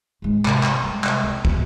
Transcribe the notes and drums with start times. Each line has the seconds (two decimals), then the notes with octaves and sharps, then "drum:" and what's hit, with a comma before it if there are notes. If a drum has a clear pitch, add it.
0.22 G#2 G#3
0.45 C3, drum: clap
0.63 drum: clap
0.82 G3 G#3
1.04 drum: clap
1.23 C2
1.45 drum: kick